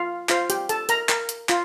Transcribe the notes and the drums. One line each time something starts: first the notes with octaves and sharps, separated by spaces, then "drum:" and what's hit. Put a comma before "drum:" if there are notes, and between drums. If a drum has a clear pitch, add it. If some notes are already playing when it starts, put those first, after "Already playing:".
Already playing: F4 F5
F4 C5 F5, drum: clap
G4 G5, drum: hi-hat
A4 A5, drum: hi-hat
A#4 A#5, drum: hi-hat
A#4, drum: clap
drum: hi-hat
F4, drum: clap